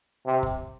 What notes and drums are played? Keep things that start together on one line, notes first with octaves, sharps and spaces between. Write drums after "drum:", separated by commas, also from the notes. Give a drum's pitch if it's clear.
C3
drum: kick